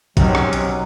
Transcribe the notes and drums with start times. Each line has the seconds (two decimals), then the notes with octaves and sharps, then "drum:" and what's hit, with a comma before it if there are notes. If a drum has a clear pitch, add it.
0.17 B1 C3 D#3 F#3 C#4, drum: kick, hi-hat
0.35 drum: rim click
0.53 drum: hi-hat